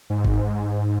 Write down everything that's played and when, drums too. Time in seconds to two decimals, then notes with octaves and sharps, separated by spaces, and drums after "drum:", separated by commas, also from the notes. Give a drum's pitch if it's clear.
0.10 G#2
0.25 drum: kick G1